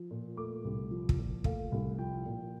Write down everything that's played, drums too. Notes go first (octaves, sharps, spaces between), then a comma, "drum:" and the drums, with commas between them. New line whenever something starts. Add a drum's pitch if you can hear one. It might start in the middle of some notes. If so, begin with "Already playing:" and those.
Already playing: F3
A#2
A3 D6
C2
F3
drum: kick
A#2
A3 F5, drum: kick
C2
F3 G5
A#2